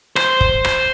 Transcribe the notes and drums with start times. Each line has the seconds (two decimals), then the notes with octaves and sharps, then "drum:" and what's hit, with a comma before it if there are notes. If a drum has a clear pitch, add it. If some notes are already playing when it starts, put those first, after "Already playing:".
0.16 C5, drum: rim click
0.41 drum: kick
0.64 drum: rim click